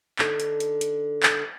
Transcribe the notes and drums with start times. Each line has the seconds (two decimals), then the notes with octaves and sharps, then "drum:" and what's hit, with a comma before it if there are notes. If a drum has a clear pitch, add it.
0.19 D3 D4 D#4 A4, drum: clap
0.40 drum: hi-hat
0.60 drum: hi-hat
0.81 drum: hi-hat
1.23 drum: clap